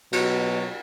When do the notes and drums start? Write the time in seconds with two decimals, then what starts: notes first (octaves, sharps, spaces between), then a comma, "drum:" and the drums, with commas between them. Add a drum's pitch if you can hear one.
0.13 B2 F#3, drum: cymbal